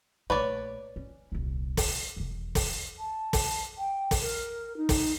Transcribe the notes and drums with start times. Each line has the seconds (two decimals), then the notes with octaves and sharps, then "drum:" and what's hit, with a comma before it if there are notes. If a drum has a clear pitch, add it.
0.30 A#1 A3 B4 C#5 D5
0.96 C#4
1.32 D#1 C2
1.77 drum: kick, open hi-hat
2.16 E1 E2
2.55 drum: kick, open hi-hat
2.99 A5
3.33 drum: kick, open hi-hat
3.78 G5
4.11 drum: kick, open hi-hat
4.21 A#4
4.77 D#4
4.89 drum: kick, open hi-hat